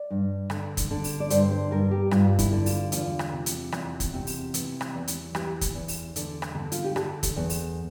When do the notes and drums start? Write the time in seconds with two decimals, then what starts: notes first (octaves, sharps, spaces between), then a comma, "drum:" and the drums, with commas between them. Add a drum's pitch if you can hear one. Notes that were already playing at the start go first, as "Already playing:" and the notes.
Already playing: D5
0.10 G2
0.50 D3, drum: rim click
0.77 drum: kick, hi-hat
0.91 D3
1.04 drum: open hi-hat
1.20 D5
1.30 G2 C5, drum: hi-hat
1.51 C5
1.71 G2 A#4
1.91 G4
2.11 G2 F4, drum: rim click
2.39 E4, drum: kick, hi-hat
2.51 D3
2.66 F4, drum: open hi-hat
2.92 E2 F4, drum: hi-hat
3.19 drum: rim click
3.33 C3
3.46 drum: hi-hat
3.72 E2, drum: rim click
4.00 drum: kick, hi-hat
4.14 C3
4.27 drum: open hi-hat
4.54 E3, drum: hi-hat
4.81 drum: rim click
4.94 E2
5.08 drum: hi-hat
5.35 E3 G4, drum: rim click
5.61 drum: kick, hi-hat
5.74 E2
5.88 drum: open hi-hat
6.16 D3, drum: hi-hat
6.42 drum: rim click
6.55 D3
6.72 F4, drum: hi-hat
6.84 G4
6.96 D3 A4, drum: rim click
7.23 drum: kick, hi-hat
7.36 E2
7.50 drum: open hi-hat